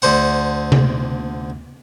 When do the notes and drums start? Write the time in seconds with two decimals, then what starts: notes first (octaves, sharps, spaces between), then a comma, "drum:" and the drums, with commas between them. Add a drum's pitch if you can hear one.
0.02 D2 D3 C5 F#5
0.72 drum: tom C3